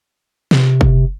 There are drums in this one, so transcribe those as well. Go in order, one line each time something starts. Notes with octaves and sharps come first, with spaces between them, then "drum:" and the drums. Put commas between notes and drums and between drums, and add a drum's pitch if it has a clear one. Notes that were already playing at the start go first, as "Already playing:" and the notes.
C3, drum: snare
drum: kick F#1